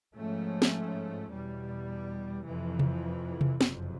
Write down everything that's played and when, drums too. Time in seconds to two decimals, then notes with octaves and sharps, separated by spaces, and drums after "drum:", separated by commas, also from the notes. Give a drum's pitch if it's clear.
0.14 G#2 F3 A3 C#4
0.62 drum: snare
1.30 E2 B2 G3
2.46 F2 C3 E3
2.79 drum: tom C3
3.41 drum: tom C3
3.61 F#1 F2 C3, drum: snare